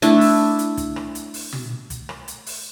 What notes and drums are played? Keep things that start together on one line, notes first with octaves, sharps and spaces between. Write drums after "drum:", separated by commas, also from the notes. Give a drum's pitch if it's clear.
A3 D4 E4, drum: hi-hat
drum: open hi-hat
drum: hi-hat
drum: kick, hi-hat
drum: rim click
drum: hi-hat
drum: open hi-hat
drum: tom
drum: kick, hi-hat
drum: rim click
drum: hi-hat
drum: open hi-hat